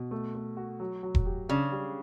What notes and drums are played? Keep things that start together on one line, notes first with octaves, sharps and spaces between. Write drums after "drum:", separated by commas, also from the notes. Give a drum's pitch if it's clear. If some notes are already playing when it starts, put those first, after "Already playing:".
Already playing: B2
A3
A3
F#4
F#3
F#3
drum: kick E1
G4
C#3 D4
G3